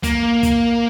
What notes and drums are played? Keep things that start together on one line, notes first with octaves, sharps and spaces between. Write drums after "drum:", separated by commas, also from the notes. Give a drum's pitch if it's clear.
A#3, drum: kick, hi-hat
drum: kick, hi-hat